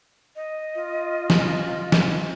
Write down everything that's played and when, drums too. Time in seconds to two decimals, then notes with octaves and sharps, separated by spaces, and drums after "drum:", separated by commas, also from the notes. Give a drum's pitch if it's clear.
0.36 D#5
0.75 F4
1.30 drum: snare
1.92 drum: snare